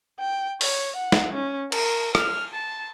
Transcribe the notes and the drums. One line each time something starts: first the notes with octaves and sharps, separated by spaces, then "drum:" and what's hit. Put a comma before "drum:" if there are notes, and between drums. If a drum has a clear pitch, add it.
G5
C#5, drum: open hi-hat
F#5
drum: snare
C#4
A#4, drum: cymbal
F6, drum: rim click
A5